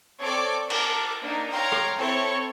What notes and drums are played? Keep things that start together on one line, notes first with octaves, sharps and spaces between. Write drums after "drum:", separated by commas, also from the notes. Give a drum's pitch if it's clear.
C4 A4 C#5 D5 D6
A#4 A5 D6, drum: cymbal
A#3 D4 D#4
C#5 F5 G5 A#5 C6
drum: rim click
C4 E4 A4 C#5 C#6